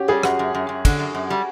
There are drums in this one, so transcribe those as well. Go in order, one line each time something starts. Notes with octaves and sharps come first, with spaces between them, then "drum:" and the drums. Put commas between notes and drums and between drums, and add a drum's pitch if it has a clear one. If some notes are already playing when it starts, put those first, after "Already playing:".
Already playing: C#4 F#4 G4
G3 G#4
F#2 F#4, drum: rim click
F#2
F#2
F#2
D3, drum: kick, cymbal
F#2
F#2
G3